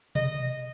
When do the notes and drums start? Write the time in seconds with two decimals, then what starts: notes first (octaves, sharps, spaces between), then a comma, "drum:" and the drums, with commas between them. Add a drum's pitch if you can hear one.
0.15 D#5, drum: tom B2